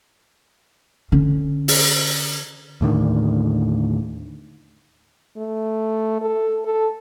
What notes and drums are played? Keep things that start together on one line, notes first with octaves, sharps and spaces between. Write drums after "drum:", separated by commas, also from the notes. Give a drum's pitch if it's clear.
D3 C#4
drum: open hi-hat
D#2 A2 D3 D#3
A3
A4
A4